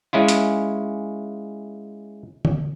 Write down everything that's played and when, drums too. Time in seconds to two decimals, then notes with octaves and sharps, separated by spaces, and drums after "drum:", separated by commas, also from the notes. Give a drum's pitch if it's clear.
0.13 G#3 C#4 E4 F4
0.28 drum: hi-hat
2.45 drum: tom D3